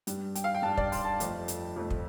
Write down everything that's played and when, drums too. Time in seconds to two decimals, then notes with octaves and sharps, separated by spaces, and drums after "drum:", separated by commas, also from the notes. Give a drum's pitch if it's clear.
0.07 G2 G3, drum: hi-hat
0.35 G5, drum: hi-hat
0.44 F5
0.55 G5
0.63 G2 G3 A5
0.77 D5, drum: kick
0.92 C6, drum: open hi-hat
1.05 A5
1.20 F2 F3 A3, drum: hi-hat
1.48 drum: hi-hat
1.76 F2 F3 A3
1.90 drum: kick